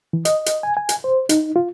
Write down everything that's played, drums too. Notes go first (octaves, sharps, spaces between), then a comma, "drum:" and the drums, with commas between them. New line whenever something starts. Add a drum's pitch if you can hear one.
E3
D#5, drum: hi-hat
drum: hi-hat
G#5
G#5
drum: hi-hat
C5
D#4, drum: hi-hat
F4